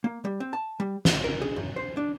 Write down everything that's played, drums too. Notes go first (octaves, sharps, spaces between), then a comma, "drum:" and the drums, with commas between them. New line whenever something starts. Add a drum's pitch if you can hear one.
A#3
G3
C4
A5
G3
D2, drum: snare
A#4
G#4
F#2
C5
D4